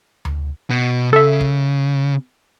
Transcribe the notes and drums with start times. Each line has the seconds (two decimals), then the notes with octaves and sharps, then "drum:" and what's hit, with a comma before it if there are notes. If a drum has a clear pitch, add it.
0.25 drum: tom D2
0.70 B2
1.13 C#3 A4 E5
1.41 drum: kick